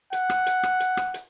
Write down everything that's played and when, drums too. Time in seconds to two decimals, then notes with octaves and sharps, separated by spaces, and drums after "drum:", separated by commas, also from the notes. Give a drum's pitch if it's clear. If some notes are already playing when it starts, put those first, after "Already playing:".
0.13 F#5, drum: hi-hat
0.30 drum: rim click
0.46 drum: hi-hat
0.63 drum: rim click
0.80 drum: hi-hat
0.97 drum: rim click
1.14 drum: hi-hat